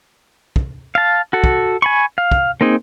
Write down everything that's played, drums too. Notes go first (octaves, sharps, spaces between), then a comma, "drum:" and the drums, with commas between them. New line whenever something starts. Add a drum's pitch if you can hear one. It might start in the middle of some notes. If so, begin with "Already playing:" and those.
drum: kick
F5 A5
F#4 A4
drum: kick
G#5 B5 C#6
F5
drum: kick
A#3 C4 D#4 G#4